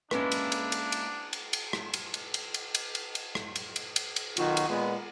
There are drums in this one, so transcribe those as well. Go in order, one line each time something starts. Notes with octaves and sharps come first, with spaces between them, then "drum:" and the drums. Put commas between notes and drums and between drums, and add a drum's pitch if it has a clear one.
G#3 A#3 C#4 D4 E4 B4, drum: rim click
drum: cymbal
drum: cymbal
drum: cymbal
drum: cymbal
drum: cymbal
drum: cymbal
drum: rim click
drum: cymbal
drum: cymbal
drum: cymbal
drum: cymbal
drum: cymbal
drum: cymbal
drum: cymbal
drum: rim click
drum: cymbal
drum: cymbal
drum: cymbal
drum: cymbal
B1 D#3 F4 F#4, drum: cymbal
drum: cymbal
A#2 G#3 B3